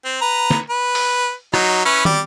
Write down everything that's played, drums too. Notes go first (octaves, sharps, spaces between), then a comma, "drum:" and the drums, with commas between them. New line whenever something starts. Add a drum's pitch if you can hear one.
C4
B4 A#5
drum: snare
B4
drum: open hi-hat
F#3 D#4, drum: rim click
C#4 E4 B4
G3 D6, drum: tom